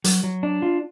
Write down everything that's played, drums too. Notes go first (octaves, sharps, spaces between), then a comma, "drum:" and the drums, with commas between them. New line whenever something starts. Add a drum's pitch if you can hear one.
F#3, drum: hi-hat
F#3
D4
F4